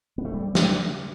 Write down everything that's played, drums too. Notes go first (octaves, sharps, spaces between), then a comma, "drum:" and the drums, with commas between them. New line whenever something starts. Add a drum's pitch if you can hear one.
B3
A3
G3
drum: snare